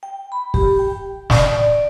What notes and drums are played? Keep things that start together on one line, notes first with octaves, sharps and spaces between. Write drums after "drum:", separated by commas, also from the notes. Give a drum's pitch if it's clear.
G5
B5
G4, drum: kick
G5
D5, drum: snare
D5